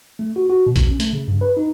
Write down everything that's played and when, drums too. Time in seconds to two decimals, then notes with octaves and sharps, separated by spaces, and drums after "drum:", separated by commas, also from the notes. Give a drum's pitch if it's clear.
0.19 A3
0.36 F#4
0.49 F#4
0.67 B2
0.76 drum: kick A#1, hi-hat
0.89 C#4
1.00 A3, drum: hi-hat
1.13 C#3
1.28 G2
1.41 B4
1.57 D#4